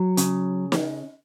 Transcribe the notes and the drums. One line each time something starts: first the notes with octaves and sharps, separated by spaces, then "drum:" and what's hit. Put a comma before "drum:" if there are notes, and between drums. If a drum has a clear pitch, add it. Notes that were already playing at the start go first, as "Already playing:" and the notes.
Already playing: F#3
C#3, drum: hi-hat
drum: snare